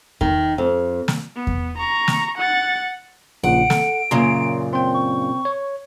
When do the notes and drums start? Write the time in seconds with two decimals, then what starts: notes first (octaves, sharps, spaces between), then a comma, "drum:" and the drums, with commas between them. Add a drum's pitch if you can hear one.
0.21 D#3, drum: kick E2
0.58 F2
1.08 drum: snare
1.35 B3
1.47 drum: kick E2
1.78 A#5 C#6
2.08 drum: snare
2.38 F#5 A6
3.43 A#1 A#2 C#3 F#5 D7
3.70 A4, drum: snare
4.11 F#2 A#2 C#3 A#5 C6
4.73 C4 G5 C6
4.94 C#6
5.45 C#5